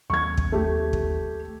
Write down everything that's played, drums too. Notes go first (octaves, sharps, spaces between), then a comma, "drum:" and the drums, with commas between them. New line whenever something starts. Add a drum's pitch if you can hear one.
D#2 F#3 A#3 C#6 G#6
drum: kick
A3 G4
drum: kick